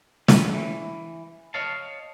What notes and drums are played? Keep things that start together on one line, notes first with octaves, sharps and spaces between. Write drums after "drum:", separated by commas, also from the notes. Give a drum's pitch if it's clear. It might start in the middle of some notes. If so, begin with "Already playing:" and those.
B4, drum: snare
E3
C#5 D#5 F5 A5